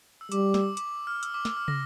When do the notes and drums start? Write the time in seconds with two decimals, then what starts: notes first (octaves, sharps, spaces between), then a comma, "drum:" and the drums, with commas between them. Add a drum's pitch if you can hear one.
0.21 E6
0.32 G3 D6, drum: hi-hat
0.54 E6, drum: snare
0.77 D6, drum: hi-hat
1.07 F6
1.23 E6, drum: hi-hat
1.34 D6
1.45 E6, drum: snare
1.57 F6
1.68 A#6, drum: tom